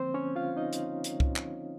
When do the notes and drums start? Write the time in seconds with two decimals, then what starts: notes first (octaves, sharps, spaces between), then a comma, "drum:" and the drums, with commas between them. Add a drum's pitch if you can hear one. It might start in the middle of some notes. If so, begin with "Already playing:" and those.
Already playing: D3 F3 A#3 C4 C5
0.14 C#4 C#5
0.36 F4 F5
0.57 D#4 D#5
0.73 drum: hi-hat
1.04 drum: hi-hat
1.20 drum: kick C2
1.36 drum: clap